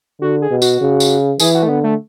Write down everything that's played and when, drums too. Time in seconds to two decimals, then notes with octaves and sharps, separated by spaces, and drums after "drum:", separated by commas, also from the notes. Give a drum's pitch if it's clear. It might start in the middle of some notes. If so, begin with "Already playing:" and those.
0.22 D3 F#4
0.42 G#4
0.51 B2
0.62 F#4, drum: tambourine
0.81 C#3
1.00 drum: tambourine
1.40 E3 G#4, drum: tambourine
1.55 F#4
1.63 A3
1.69 D3 B3
1.84 A3